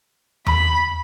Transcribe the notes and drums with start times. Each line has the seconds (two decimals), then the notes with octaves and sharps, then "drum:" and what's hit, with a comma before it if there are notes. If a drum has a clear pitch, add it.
0.46 B5, drum: tom E2